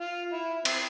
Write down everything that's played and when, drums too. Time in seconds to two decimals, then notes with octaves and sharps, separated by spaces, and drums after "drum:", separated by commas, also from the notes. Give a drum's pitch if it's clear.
0.01 F4
0.33 E4
0.65 C4, drum: cymbal